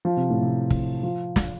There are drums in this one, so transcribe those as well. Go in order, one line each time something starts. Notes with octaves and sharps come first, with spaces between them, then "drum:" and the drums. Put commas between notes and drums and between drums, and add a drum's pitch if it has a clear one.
F3
C3
A2
C3
drum: kick
F3
drum: snare